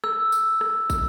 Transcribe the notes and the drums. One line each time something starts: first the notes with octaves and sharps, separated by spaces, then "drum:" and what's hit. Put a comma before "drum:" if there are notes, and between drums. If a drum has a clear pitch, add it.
E6, drum: rim click
drum: tambourine
drum: rim click
drum: kick, tambourine